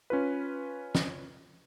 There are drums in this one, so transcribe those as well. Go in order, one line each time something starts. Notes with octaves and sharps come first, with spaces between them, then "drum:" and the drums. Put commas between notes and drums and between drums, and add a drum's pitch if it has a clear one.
C#4 F4 B4
drum: snare